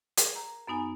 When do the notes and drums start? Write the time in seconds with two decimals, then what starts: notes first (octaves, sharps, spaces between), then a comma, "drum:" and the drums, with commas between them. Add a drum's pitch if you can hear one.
0.17 G#4 A#4, drum: hi-hat
0.35 A#5
0.67 F#2 B3 D#4 G#5